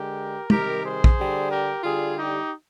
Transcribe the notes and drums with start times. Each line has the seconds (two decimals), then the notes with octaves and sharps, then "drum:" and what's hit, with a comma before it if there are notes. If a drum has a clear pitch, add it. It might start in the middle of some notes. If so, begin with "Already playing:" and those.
Already playing: D3 G#3 G4 A#4
0.50 C3 D#3 G3 G4 A#4, drum: tom
0.83 G#4 C5
1.04 drum: kick A#1
1.17 D3 G3
1.50 G4 A#4
1.83 D3 G3 F4 G#4
2.16 D#4 G4